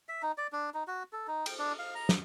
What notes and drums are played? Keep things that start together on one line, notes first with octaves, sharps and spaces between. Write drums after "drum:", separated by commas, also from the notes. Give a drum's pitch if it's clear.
E5
D#4
D5
D4
D#4
F#4
A4
D#4
G5, drum: cymbal
D4
F5
A#5
drum: snare